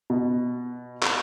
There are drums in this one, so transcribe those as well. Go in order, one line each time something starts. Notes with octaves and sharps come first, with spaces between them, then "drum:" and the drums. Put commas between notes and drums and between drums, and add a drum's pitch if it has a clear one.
B2
drum: clap